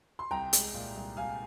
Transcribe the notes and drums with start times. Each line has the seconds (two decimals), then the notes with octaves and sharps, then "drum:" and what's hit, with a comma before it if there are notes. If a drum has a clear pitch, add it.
0.19 C6
0.31 C2 G5 A#5
0.53 G#3, drum: hi-hat
0.74 A#2
0.96 C2
1.17 C2 F5 G#5